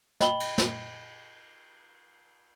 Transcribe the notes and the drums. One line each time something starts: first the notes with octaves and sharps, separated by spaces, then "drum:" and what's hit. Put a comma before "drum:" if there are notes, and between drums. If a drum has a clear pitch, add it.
D#5 G5 B5 F#7 G7, drum: snare
drum: cymbal
drum: snare